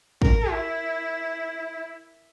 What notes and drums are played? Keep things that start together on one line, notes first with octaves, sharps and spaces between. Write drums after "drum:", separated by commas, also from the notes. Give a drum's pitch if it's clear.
A#4, drum: kick
E4